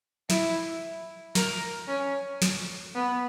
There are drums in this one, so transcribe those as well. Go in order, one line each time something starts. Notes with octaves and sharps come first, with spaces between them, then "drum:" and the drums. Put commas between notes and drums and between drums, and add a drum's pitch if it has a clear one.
E4, drum: snare
A#4, drum: snare
C#4
drum: snare
B3